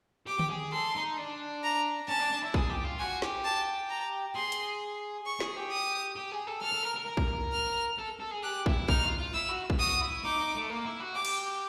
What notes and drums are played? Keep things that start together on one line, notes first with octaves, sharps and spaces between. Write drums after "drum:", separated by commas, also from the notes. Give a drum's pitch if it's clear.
G4 D6
G4, drum: tom D3
G#4
A4 C6
D#4
D4
A#5
C#4 A5
D4
D4
E4
G#4, drum: kick
G4
F4
F#4 G#5
G4, drum: snare
A5
A#5
G#4 C6
drum: hi-hat
C#6
G#4, drum: snare
G4
D#6
G4
G#4
A4
A4 F6
A4
A#4
A#4
A#4
drum: kick
F6
A4
A4
G#4
G4 F#6
E4, drum: kick
D#4 F6, drum: kick
F4
F4
E4 E6
F#4
drum: kick
F#4 D#6
E4
D#4 D6
D#4
A3
A#3
E4
F#4
G4 D6
drum: cymbal